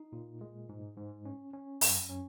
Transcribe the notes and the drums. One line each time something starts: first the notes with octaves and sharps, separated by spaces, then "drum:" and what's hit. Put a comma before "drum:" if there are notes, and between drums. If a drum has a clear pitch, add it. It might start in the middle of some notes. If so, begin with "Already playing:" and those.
Already playing: D#4
A#2
G#3
G#2
G#2
C#4
C#4
F#2, drum: open hi-hat
C#4